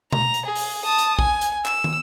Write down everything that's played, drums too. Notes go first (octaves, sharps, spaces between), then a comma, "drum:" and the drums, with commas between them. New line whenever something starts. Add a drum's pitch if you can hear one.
A#5, drum: tom B2
drum: hi-hat
G#4
drum: open hi-hat
A5 D#6
drum: hi-hat
G#5, drum: kick
drum: hi-hat
E6, drum: clap
drum: tom